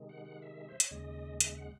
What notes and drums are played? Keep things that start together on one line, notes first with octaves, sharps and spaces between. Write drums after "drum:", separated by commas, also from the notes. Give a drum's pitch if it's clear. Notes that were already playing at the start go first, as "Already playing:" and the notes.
Already playing: C3 D#3 G#3
F#5
F#5
E5
C5
C#5, drum: hi-hat
D#2 C#3 G#3 D#5
E5, drum: hi-hat
F#5